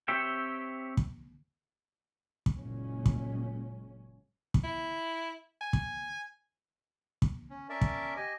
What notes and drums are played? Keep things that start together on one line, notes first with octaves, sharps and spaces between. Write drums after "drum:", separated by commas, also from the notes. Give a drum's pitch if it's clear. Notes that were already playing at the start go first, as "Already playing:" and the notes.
C4 G4 C#5 E5 G5
drum: kick
drum: kick
F#1 A#2 G#3 C#4
drum: kick
drum: kick
E4
G#5
drum: kick
drum: kick
C#4
C#4 A#4 D5 E5 A5
drum: kick
G4 D#5 G#5